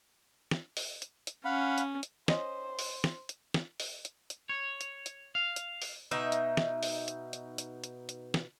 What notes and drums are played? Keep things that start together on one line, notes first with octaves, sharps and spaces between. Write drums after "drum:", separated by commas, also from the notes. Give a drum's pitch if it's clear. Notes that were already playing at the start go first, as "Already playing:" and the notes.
drum: snare
drum: open hi-hat
drum: hi-hat
drum: hi-hat
C#4 F5 F#5 B5
drum: hi-hat
drum: hi-hat
C#4 C5 D#5, drum: snare
drum: open hi-hat
drum: snare
drum: hi-hat
drum: snare
drum: open hi-hat
drum: hi-hat
drum: hi-hat
C#5
drum: hi-hat
drum: hi-hat
F5
drum: hi-hat
drum: open hi-hat
B2 D#4 E5
drum: hi-hat
drum: snare
drum: open hi-hat
drum: hi-hat
drum: hi-hat
drum: hi-hat
drum: hi-hat
drum: hi-hat
drum: snare